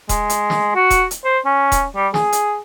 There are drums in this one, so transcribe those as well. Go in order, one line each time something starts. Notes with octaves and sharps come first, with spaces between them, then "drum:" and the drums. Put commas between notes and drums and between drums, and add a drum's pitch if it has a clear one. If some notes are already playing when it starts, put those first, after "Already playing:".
G#3, drum: kick D#1, hi-hat
drum: hi-hat
drum: snare
F#4
drum: kick D#1, hi-hat
drum: hi-hat
C5
C#4
drum: kick D#1, hi-hat
G3
G#4, drum: snare
drum: hi-hat